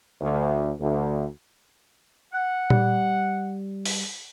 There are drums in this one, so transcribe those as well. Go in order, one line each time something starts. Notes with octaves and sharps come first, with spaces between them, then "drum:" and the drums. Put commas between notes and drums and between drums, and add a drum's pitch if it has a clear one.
D2
D2
F#5
G3, drum: tom A#2
drum: open hi-hat